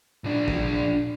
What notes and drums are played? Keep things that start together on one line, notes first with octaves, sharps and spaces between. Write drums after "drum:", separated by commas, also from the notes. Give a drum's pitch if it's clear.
A#2 D4
drum: kick A1